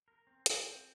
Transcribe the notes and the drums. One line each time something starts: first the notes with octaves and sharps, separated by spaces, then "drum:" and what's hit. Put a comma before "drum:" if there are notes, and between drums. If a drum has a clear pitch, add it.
A#4
C4
C4, drum: hi-hat
C4